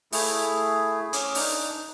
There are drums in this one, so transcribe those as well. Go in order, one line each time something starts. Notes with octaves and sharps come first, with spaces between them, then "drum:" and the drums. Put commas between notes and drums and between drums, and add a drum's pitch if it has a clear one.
A3 E4 G#4, drum: open hi-hat
C#4 D6 D#6, drum: hi-hat
D4 D#4, drum: open hi-hat